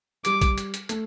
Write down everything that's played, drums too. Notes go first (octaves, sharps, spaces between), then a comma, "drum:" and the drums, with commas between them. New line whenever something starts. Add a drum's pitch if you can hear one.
G3 D6, drum: hi-hat
drum: kick, hi-hat
drum: hi-hat
drum: hi-hat
A3, drum: hi-hat